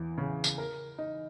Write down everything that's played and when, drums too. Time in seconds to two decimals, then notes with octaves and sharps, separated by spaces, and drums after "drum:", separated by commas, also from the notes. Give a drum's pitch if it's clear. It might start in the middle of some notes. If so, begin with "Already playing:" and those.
Already playing: E2 E3
0.18 C#3
0.44 drum: tambourine
0.58 A#4
0.98 D#4